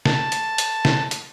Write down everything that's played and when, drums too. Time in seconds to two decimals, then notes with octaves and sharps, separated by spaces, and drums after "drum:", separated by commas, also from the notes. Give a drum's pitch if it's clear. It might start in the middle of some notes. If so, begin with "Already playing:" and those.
0.05 A5, drum: snare
0.32 drum: hi-hat
0.58 drum: hi-hat
0.85 drum: snare
1.11 drum: hi-hat